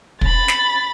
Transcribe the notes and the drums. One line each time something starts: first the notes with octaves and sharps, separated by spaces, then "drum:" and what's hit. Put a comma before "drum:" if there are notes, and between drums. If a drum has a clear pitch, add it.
B5 A6, drum: kick
drum: snare